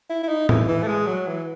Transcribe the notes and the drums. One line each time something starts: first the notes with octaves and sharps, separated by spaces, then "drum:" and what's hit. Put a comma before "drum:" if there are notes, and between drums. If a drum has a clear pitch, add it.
E4
E4
D#4
E3, drum: tom A2
E3
A3
G#3
F#3
E3